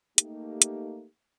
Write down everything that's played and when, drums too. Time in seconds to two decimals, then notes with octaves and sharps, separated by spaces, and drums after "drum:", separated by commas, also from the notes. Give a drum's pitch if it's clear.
0.18 A3 A#3 D#4 G4, drum: hi-hat
0.62 drum: hi-hat